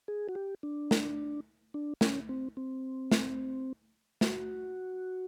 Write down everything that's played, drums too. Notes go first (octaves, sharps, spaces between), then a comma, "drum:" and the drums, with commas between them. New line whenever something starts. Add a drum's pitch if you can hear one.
G#4
F#4
G4
D4
drum: snare
D4
C#4, drum: snare
C4
C4
drum: snare
F#4, drum: snare